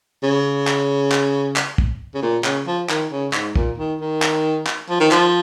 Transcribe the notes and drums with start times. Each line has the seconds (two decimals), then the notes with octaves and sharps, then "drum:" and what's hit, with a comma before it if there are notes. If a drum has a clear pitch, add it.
0.23 C#3
0.67 drum: clap
1.12 drum: clap
1.56 drum: clap
1.78 drum: kick
2.14 C#3
2.22 A#2
2.44 C#3, drum: clap
2.67 F3
2.90 D#3, drum: clap
3.11 C#3
3.33 G#2, drum: clap
3.55 A#2, drum: kick
3.78 D#3
4.00 D#3
4.22 drum: clap
4.67 drum: clap
4.89 F3
5.00 D#3
5.11 F3, drum: clap